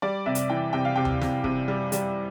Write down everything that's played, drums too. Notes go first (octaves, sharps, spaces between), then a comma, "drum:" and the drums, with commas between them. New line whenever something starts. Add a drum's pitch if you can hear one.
G3 D5
C3 E5
drum: hi-hat
E3 G5
C3 G5
F5
C3 G5
drum: tom D2
C3, drum: snare
C3, drum: kick
G3
G3, drum: hi-hat